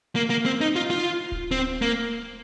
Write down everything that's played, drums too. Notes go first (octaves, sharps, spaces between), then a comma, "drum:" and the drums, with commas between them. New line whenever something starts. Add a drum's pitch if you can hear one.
A#3
A#3
C4
D#4
F4
F4
drum: kick D1
C4
A#3